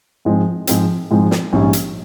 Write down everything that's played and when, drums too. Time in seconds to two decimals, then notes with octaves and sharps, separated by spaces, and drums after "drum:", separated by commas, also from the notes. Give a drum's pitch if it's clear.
0.25 G#2 F3 G#3 C4
0.67 G#2 F3 G#3 C4, drum: hi-hat
1.11 G#2 F3 G#3 C4
1.31 drum: snare
1.53 A#1 G#2 G3 C#4
1.73 drum: hi-hat